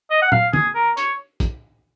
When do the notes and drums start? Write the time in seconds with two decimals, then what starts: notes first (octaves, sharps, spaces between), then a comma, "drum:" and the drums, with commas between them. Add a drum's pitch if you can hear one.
0.11 D#5
0.22 F#5
0.32 F5, drum: tom
0.53 G#4, drum: tom
0.75 A#4
0.97 C#5, drum: hi-hat
1.40 drum: kick, hi-hat